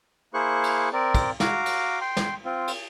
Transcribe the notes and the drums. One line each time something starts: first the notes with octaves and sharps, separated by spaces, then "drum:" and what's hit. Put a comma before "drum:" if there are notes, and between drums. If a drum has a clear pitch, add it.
A#3 E4 G#4 C5 C#6 F#6
drum: cymbal
C4 A#4 D5
drum: kick, cymbal
F#4 F5 A#5 D6, drum: snare
drum: cymbal
G5 C6
drum: snare
C4 F4
drum: cymbal